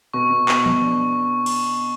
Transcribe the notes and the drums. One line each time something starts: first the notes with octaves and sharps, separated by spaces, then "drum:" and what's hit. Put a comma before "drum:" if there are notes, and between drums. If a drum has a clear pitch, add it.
B2 C#6
B2
B2, drum: clap
B2, drum: tom E3
D4
drum: cymbal